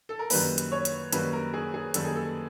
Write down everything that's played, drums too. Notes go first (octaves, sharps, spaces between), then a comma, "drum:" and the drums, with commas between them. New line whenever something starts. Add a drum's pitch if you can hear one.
A4
A#4
F#2 D#3 G3 A#3 B4, drum: open hi-hat
drum: hi-hat
C#5
drum: hi-hat
F#2 D#3 G3 A#3 B4, drum: hi-hat
A#4
G#4
G#4
F#2 D#3 G3 A#3 A4, drum: hi-hat
G#4
A4